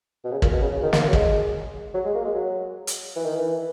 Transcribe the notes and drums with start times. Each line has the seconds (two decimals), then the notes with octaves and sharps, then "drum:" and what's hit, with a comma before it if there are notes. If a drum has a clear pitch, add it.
0.25 B2
0.32 C#3
0.42 A#2, drum: kick
0.52 B2
0.62 C#3
0.72 C#3
0.83 D#3
0.93 A#3, drum: snare
1.03 A#3
1.08 F#3
1.13 G#3, drum: kick
1.94 F#3
2.05 G#3
2.15 A#3
2.24 G#3
2.35 F#3
2.87 drum: hi-hat
3.16 E3
3.25 D#3
3.35 E3